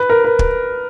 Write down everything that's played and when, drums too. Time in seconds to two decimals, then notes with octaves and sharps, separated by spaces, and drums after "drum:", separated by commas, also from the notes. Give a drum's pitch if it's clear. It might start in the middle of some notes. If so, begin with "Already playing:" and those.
Already playing: B4
0.09 A#4
0.24 B4
0.39 drum: kick